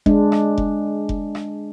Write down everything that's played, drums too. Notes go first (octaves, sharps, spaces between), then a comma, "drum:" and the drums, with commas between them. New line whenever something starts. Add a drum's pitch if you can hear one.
G#3 D4, drum: kick F1
drum: rim click
drum: kick F1
drum: kick F1
drum: rim click